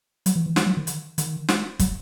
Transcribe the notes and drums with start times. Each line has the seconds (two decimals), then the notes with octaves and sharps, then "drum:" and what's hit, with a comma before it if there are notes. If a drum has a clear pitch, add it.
0.26 F#3, drum: hi-hat
0.36 E3
0.46 E3
0.56 drum: snare
0.66 F#3
0.77 D#3
0.87 drum: hi-hat
1.18 D#3, drum: hi-hat
1.48 drum: snare
1.79 F#3, drum: kick, hi-hat